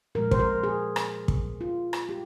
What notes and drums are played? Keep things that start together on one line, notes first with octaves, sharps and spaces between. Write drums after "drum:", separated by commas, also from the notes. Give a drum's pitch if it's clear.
A#2 F3 G#3 A#4
C5, drum: kick
A#4
G#4
drum: rim click
drum: kick
F4
drum: rim click
G#3 G4